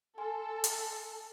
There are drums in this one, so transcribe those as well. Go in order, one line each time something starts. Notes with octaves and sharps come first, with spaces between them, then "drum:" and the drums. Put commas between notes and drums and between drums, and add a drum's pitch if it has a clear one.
A4 G#5 C6 F6
drum: hi-hat